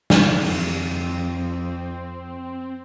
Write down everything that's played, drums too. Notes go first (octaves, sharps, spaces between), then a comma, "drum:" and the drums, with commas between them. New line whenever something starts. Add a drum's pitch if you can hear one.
drum: snare
F2 C4, drum: open hi-hat